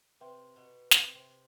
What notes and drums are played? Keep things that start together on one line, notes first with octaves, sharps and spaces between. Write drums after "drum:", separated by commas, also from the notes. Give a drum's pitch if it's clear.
C3 C4 B4 E5 G5 C6
B2 B3
C3 C4, drum: snare
C3 C4